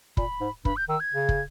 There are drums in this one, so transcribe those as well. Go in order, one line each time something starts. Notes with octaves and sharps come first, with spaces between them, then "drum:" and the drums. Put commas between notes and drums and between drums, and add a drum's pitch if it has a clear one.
A#2 B5, drum: kick
G#2
G2 B5, drum: kick
G6
D#3 E6
G#6
C#3
drum: kick